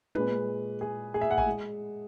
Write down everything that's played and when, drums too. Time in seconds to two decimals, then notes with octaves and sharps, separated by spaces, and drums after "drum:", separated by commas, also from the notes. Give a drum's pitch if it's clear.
0.15 A#2 G#3 B4, drum: tom
0.81 G#4
1.14 G#4
1.21 E5
1.31 F#5
1.38 G#5, drum: kick
1.46 G#3